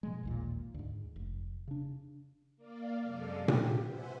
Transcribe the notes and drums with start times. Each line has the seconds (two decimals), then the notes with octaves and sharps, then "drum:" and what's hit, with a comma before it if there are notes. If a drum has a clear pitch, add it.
0.03 B2 F3 G#3
0.23 A1 D#2 A#2
0.74 D2 G#2
1.16 F1
1.68 C#3 D4
2.57 A#3 D5 F5
3.02 F#2 C3 G#3 A4 D5 F5
3.39 G4
3.48 drum: tom A#2
3.87 B4 C5 E5 F#5 G#5 B5